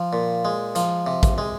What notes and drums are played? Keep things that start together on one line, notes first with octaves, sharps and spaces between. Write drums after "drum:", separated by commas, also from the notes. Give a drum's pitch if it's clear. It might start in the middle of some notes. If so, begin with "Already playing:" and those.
Already playing: F3
A#2
G#3
F3, drum: hi-hat
C3
drum: kick A1, hi-hat
G#3